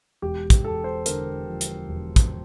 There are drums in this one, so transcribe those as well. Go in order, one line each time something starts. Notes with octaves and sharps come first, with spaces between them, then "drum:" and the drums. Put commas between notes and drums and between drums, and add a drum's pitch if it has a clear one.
E1 G4
drum: kick, hi-hat
E2 A4
C5
D3 A#4, drum: hi-hat
F3
drum: hi-hat
E1
drum: kick, hi-hat